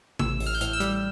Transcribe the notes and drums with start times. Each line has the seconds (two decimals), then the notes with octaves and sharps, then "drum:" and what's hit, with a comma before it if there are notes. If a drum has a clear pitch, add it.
0.19 A1 E6, drum: tom C3
0.40 A1, drum: open hi-hat
0.46 F6
0.55 G6
0.61 A2 F6, drum: hi-hat
0.73 E6
0.80 G3, drum: hi-hat